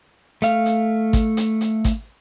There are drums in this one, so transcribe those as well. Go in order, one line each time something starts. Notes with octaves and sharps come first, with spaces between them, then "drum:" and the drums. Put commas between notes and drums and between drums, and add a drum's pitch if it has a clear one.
A3 F5, drum: hi-hat
drum: hi-hat
drum: kick G#1, hi-hat
drum: hi-hat
drum: hi-hat
drum: kick G#1, hi-hat